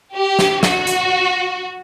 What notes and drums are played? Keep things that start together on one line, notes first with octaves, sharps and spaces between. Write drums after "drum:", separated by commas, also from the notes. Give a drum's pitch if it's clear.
G4
drum: snare
F#4, drum: snare
drum: hi-hat